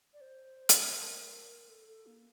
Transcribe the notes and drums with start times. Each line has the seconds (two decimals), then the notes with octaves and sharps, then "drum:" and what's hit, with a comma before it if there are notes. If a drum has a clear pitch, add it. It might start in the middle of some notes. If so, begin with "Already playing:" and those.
0.14 D5
0.21 C5
0.69 drum: hi-hat
0.85 C5
0.95 A#4
1.69 A4
1.88 A4
2.07 A#3